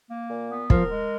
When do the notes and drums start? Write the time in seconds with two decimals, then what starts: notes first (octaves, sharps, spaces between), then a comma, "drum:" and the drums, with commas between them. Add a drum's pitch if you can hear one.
0.09 A#3
0.29 A#2
0.50 B3
0.70 F3 A#4, drum: kick
0.90 G#3